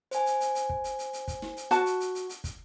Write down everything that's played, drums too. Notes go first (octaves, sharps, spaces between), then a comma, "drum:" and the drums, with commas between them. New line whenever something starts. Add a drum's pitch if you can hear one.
C5 G#5, drum: hi-hat
drum: hi-hat
drum: hi-hat
drum: hi-hat
drum: kick
drum: hi-hat
drum: hi-hat
drum: hi-hat
drum: kick, hi-hat
drum: snare
drum: hi-hat
F#4 A5, drum: hi-hat
drum: hi-hat
drum: hi-hat
drum: hi-hat
drum: hi-hat
drum: kick, hi-hat